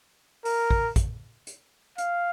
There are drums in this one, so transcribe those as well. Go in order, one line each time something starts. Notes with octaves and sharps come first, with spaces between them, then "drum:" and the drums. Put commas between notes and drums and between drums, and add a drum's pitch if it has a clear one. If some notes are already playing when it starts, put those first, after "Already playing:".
A#4, drum: open hi-hat
drum: kick
drum: kick, hi-hat
drum: hi-hat
F5, drum: hi-hat